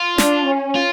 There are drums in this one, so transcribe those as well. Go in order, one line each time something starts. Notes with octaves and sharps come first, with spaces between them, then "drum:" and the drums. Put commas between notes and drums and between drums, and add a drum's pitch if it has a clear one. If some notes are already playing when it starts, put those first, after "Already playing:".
Already playing: F4
D4, drum: snare
C#4
F4